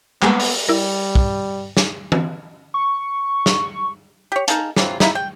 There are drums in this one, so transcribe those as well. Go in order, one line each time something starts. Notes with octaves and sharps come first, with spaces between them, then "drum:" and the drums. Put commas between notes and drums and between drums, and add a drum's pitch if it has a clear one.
G3 G#3 A#3 B3, drum: clap
drum: open hi-hat
G3 E4 A#4
drum: kick
drum: snare
drum: tom E3
C#6
drum: snare
G4 C#5
D#4 G#4 F5 A5, drum: hi-hat
E3 F#3 C4 F4, drum: snare
A#3 D#4 E4 E5, drum: snare
G5